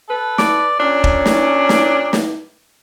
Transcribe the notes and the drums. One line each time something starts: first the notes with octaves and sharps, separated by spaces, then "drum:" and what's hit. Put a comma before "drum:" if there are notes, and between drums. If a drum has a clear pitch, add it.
A4 B4
D5, drum: snare
A#2 C#4 D4
drum: kick
drum: snare
drum: snare
drum: snare